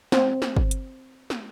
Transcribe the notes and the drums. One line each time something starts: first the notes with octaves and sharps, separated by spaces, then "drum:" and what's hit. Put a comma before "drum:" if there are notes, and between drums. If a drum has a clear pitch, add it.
C4, drum: snare
drum: snare
drum: kick
drum: hi-hat
drum: snare